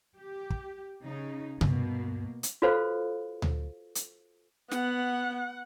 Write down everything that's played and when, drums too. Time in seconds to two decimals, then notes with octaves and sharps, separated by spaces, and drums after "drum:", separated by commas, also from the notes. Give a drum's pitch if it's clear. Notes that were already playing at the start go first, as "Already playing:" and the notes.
0.17 G4
0.50 drum: kick
1.04 C#3 D#4
1.61 D2 G2 B2 A#3, drum: tom C3
2.43 drum: hi-hat
2.62 F4 F#4 A4 B4 C5 F5
3.42 drum: tom D2
3.95 drum: hi-hat
4.71 B3 F#5, drum: snare